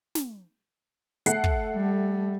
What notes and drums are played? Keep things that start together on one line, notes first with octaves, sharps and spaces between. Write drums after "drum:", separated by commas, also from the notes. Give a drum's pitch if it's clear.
drum: snare
A3 F#5 C7, drum: hi-hat
drum: kick
G3